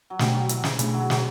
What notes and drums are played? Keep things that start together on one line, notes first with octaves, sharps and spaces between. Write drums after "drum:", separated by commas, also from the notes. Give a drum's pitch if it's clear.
F#3
B2 G3 A3 D4, drum: snare
F#3
E3, drum: hi-hat
C#3, drum: snare
B2 E3 A3 D4, drum: hi-hat
F#3
F#3, drum: snare